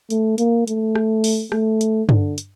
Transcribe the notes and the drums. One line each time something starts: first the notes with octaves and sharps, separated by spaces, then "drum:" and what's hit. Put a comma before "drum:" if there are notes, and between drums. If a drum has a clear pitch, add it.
A3, drum: hi-hat
A#3, drum: hi-hat
A3, drum: hi-hat
drum: rim click
drum: open hi-hat
A3, drum: rim click
drum: hi-hat
D3, drum: tom G2
drum: hi-hat